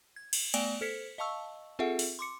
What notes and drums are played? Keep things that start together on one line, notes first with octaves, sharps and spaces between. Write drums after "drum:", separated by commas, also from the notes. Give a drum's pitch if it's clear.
G#6
drum: cymbal
A3 B3 D5 G#5 D7 F7, drum: cymbal
A4 C5 B6 C#7
D#5 F5 A5 C#6 E6
C4 F4 G#4 A4 E5 F#5
drum: open hi-hat
C6 D6 C#7